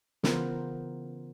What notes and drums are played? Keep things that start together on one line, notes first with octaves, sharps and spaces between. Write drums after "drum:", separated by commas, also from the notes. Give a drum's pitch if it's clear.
C#3 E3 B3 F4 A#4 C5, drum: snare